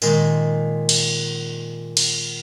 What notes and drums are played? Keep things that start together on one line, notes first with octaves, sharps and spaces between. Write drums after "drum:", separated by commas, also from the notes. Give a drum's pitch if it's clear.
A#2 D#3 G#3 C6, drum: tambourine
drum: cymbal
drum: cymbal